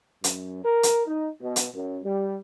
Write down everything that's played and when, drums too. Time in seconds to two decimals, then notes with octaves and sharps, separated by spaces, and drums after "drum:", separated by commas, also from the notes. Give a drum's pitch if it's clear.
0.24 F#2, drum: hi-hat
0.64 A#4
0.83 drum: hi-hat
1.06 D#4
1.41 B2
1.56 drum: hi-hat
1.74 F#2
2.03 G3